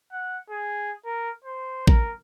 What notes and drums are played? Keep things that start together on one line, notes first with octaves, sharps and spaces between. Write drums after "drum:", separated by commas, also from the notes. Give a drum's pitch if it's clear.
F#5
G#4
A#4
C5
A#4, drum: kick A1